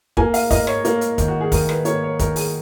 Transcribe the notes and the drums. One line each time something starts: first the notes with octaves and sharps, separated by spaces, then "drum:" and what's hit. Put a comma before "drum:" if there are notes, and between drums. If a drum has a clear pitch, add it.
A#3 G#5, drum: kick
F5, drum: open hi-hat
A#3 D#5, drum: kick, open hi-hat
C#5, drum: rim click
A#3, drum: hi-hat
drum: hi-hat
D#3, drum: kick, hi-hat
F#4
G#4
D#3 A#4, drum: kick, open hi-hat
B4, drum: rim click
A#3 C#5, drum: hi-hat
C#5
D#3 A#4, drum: kick, hi-hat
G#4, drum: open hi-hat